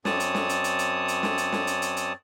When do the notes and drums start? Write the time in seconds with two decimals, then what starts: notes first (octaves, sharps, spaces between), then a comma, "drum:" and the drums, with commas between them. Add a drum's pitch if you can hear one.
0.05 F#2 C4 C#5 D5 A5 D#6, drum: snare
0.20 drum: hi-hat
0.35 drum: snare
0.49 drum: hi-hat
0.64 drum: hi-hat
0.79 drum: hi-hat
1.08 drum: hi-hat
1.23 drum: snare
1.38 drum: hi-hat
1.52 drum: snare
1.67 drum: hi-hat
1.82 drum: hi-hat
1.97 drum: hi-hat